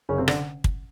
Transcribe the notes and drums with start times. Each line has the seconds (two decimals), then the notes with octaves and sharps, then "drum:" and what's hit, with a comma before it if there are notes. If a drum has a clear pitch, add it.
0.09 F#1 C#3 C#4
0.18 C3 C4
0.28 D3 D4, drum: rim click
0.64 drum: kick